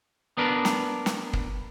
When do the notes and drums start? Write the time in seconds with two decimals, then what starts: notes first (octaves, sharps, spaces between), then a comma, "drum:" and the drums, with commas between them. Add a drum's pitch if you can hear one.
0.37 B3 D4 A#4 B4
0.65 drum: snare
1.06 drum: snare
1.33 drum: kick